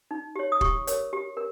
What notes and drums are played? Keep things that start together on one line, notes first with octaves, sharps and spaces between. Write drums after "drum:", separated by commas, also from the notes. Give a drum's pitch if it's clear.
D#4
G4 C#5
D#6
G4 C#6, drum: kick
A#4 C#5, drum: hi-hat
G4
A#4